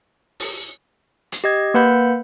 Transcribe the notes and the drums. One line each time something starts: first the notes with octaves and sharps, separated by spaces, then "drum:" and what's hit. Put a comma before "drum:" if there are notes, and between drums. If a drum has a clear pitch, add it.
drum: open hi-hat
drum: hi-hat
G4 D#5 G#6
A#3 B4 F#5 B5 G6